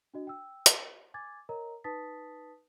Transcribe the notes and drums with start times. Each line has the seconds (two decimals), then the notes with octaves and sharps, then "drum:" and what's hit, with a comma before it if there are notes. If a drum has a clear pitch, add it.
0.14 D4 F#4 D#5
0.27 G5 E6
0.66 drum: hi-hat
1.14 G#5 D6 G#6 A6
1.49 A#4 C#5 D#5 A#5
1.84 D#4 B4 A5 D#6 A6 B6